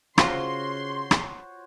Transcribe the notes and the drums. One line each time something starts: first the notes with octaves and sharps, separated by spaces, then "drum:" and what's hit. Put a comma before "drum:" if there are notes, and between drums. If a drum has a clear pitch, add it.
C#3 F4 F#4 C5 C#5 C6, drum: rim click
drum: rim click